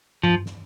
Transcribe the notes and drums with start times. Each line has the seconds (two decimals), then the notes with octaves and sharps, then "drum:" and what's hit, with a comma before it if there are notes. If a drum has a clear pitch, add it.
0.23 F3, drum: tom G2
0.46 drum: snare